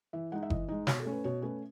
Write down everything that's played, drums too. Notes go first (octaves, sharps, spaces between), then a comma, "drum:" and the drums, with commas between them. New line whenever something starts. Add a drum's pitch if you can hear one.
E3 E5
G#3 D#4 F#5
E5
E3 D#5, drum: kick F#1
G#3 D#4 D#5
B2 C#5, drum: snare
A4
A3 C#4
B4
B2 C#5
A3 C#4 B4